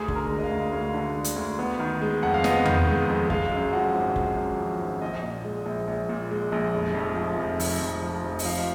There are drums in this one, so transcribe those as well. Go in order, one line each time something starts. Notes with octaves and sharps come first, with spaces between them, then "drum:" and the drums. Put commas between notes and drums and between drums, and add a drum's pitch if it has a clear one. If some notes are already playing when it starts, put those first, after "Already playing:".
Already playing: D2 G#4 G#5
D3, drum: kick
A#4 A#5
G#3
D#5
F5
D2
D2 F5
D3
G#3
drum: hi-hat
D2
B3
D#3
G#3
F2 F#5
F5
B3 D#5, drum: snare
D#3, drum: tom E2
G#3
F2
G#3 F5, drum: kick
F#2
F3 F#4 F#5
G#1
G#3, drum: kick
F#2
F3
G#1
A#1 D#5
A#2
G#3
A#1
A#1
A#2
G#3
A#1
F1
F2
F3
F1
F1, drum: open hi-hat
F2
F3
F1
D#5, drum: open hi-hat
F3 F5